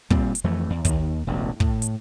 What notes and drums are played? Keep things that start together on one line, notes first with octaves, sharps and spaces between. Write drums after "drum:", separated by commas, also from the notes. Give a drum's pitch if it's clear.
A#2 G3 C4, drum: kick
drum: hi-hat
F2 E3 A3
E2
D#2 D#3, drum: kick, hi-hat
E1 A1 D2
A2, drum: kick
drum: hi-hat